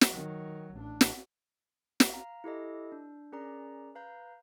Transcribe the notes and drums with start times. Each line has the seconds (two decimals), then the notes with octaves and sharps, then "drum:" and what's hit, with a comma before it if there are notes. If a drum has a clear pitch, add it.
0.01 drum: snare
0.11 D#3 F#3
0.76 A1 D4
1.01 drum: snare
2.00 drum: snare
2.10 F5 A#5
2.44 E4 G4 A4 D#5
2.92 D4
3.32 C#4 G#4 A#4 D5 A#5
3.95 B4 F5 A#5 G6